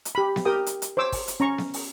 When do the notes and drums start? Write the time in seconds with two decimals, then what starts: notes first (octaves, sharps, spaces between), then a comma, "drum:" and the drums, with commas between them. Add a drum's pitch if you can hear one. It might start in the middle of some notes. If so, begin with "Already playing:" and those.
0.05 drum: hi-hat
0.15 G4 B5
0.36 drum: snare B3
0.45 G4 A#4 G5 D#6
0.66 drum: hi-hat
0.82 drum: hi-hat
0.97 C5 C#5 D6 E6
1.12 drum: kick, open hi-hat
1.28 drum: hi-hat
1.40 C#4 A#5 C#6
1.58 drum: snare B3
1.74 drum: open hi-hat